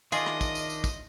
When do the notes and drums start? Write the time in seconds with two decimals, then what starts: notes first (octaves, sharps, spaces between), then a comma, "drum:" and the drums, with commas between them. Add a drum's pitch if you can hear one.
0.12 D#3 A3 C#4 D4 F4 G#4 D#5, drum: tambourine
0.26 drum: rim click
0.41 drum: kick, tambourine
0.55 drum: tambourine
0.69 drum: tambourine
0.84 drum: kick, tambourine